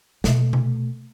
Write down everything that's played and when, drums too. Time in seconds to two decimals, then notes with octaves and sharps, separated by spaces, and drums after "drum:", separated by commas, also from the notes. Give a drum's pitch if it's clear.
0.24 B2 A3, drum: snare
0.53 drum: tom C3